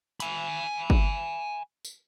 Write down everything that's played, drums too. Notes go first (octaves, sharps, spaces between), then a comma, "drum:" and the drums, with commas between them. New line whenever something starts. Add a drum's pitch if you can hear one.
G#5 B5, drum: hi-hat
drum: kick
drum: tambourine